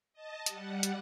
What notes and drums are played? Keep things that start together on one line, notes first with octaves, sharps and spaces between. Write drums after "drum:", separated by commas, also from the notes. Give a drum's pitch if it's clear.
D#5 A5
G3 F#5, drum: hi-hat
drum: hi-hat